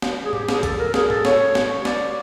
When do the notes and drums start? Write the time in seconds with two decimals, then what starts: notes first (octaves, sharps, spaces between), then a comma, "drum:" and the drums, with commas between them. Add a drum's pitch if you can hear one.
0.02 drum: snare
0.25 G#4
0.33 G4, drum: tom A2
0.49 G#4, drum: snare
0.63 A4, drum: kick B1, hi-hat
0.79 A#4
0.94 G#4, drum: snare
1.10 A4, drum: tom A2
1.25 C#5, drum: snare
1.55 drum: snare
1.85 D5, drum: snare